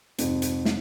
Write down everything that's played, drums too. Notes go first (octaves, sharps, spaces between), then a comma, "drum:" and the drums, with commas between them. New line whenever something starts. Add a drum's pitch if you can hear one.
F2 G#2 C3, drum: hi-hat
drum: hi-hat
drum: snare